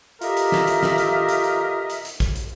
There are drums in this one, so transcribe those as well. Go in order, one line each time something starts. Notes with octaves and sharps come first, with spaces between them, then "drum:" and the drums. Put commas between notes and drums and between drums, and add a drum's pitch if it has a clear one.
F4 G4 A4 A#4 D#5 E5, drum: hi-hat
drum: hi-hat
drum: snare
drum: hi-hat
drum: snare
drum: hi-hat
drum: hi-hat
drum: hi-hat
drum: hi-hat
drum: hi-hat
drum: kick, hi-hat
drum: hi-hat